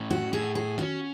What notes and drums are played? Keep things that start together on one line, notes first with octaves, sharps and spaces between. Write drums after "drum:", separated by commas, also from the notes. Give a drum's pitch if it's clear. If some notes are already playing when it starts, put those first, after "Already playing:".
Already playing: A2 C#4
F#4
A2 G#4
G#4
C#4 F#4, drum: tom D#3